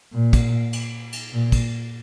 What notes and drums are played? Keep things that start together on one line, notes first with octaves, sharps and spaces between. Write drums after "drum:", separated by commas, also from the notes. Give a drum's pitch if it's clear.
A#2
drum: kick, cymbal
drum: cymbal
drum: cymbal
A#2
drum: kick, cymbal